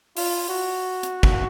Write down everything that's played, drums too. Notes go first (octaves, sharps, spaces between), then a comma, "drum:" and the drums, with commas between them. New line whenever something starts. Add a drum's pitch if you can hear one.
F4, drum: open hi-hat
F#4
drum: hi-hat
drum: kick